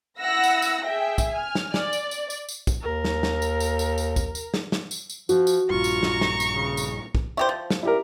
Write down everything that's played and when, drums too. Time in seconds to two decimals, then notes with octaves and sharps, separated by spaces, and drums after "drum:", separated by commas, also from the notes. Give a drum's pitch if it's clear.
0.20 E4 F#5 E6 A#6
0.44 drum: tambourine
0.62 drum: tambourine
0.84 G#4 E5 G5
1.18 drum: kick, tambourine
1.32 G#5 F6
1.55 drum: snare
1.74 D5, drum: snare
1.93 drum: tambourine
2.11 drum: tambourine
2.30 drum: tambourine
2.49 drum: tambourine
2.67 drum: kick, tambourine
2.82 D#2 A#4
3.05 drum: snare
3.23 drum: snare
3.42 drum: tambourine
3.60 drum: tambourine
3.79 drum: tambourine
3.98 drum: tambourine
4.16 drum: kick, tambourine
4.35 drum: tambourine
4.54 drum: snare
4.72 drum: snare
4.91 drum: tambourine
5.10 drum: tambourine
5.29 F3 F#4, drum: tambourine
5.47 drum: tambourine
5.70 A#1 G2 F4 A#5 C#6
5.84 drum: tambourine
6.03 drum: snare
6.21 drum: snare
6.40 drum: tambourine
6.53 C#3
6.77 drum: tambourine
7.15 drum: kick
7.37 E4 G4 C5 E5 C#6
7.49 F3
7.70 drum: snare
7.83 E4 G4 A#4